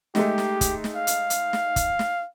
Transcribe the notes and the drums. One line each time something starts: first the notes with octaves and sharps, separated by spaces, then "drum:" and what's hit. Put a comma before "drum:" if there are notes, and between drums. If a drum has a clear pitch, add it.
G#3 A3 D#4 G4, drum: snare
drum: snare
drum: kick, hi-hat
drum: snare
F5
drum: hi-hat
drum: hi-hat
drum: snare
drum: kick, hi-hat
drum: snare